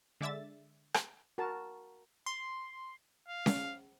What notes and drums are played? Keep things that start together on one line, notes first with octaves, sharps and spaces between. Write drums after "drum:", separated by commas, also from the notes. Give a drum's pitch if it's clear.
D3 G#3 D5 E5 E6 A6
drum: rim click
F#4 A#4 A5
C6
F5
drum: snare C#4